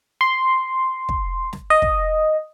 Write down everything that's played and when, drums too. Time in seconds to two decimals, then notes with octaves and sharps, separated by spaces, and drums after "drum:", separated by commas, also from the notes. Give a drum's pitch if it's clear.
0.21 C6
1.09 drum: kick
1.53 drum: snare
1.70 D#5
1.82 drum: kick